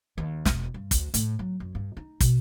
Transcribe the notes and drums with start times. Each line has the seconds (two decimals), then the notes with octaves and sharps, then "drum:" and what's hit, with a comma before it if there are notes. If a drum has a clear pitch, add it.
0.18 D#2
0.45 E1, drum: snare
0.74 G2
0.91 D2, drum: kick, hi-hat
1.14 A2, drum: hi-hat
1.39 F#3
1.60 F#2
1.75 G2
1.97 D#4
2.20 B2, drum: kick, hi-hat